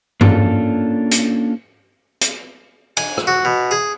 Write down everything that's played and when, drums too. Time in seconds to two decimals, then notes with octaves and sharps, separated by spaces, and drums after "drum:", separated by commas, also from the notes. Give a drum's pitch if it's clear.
0.21 A#3 C#4 D4 F4 A4, drum: tom G2
1.11 drum: hi-hat
2.21 drum: hi-hat
2.97 G#5, drum: cymbal
3.18 drum: rim click
3.27 F#4
3.45 B2
3.71 G#4